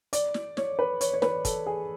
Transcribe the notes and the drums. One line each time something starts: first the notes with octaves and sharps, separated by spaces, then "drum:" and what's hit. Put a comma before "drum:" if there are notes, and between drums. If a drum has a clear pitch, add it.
D5, drum: hi-hat
drum: snare
C#5, drum: snare
B4
C#5, drum: hi-hat
C#5
B4, drum: snare
A4, drum: kick, hi-hat
G#4